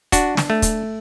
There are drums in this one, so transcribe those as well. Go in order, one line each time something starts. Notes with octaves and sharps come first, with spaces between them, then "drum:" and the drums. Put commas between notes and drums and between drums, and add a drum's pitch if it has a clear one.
D4 F#4, drum: kick, hi-hat
drum: snare
A3
drum: kick, hi-hat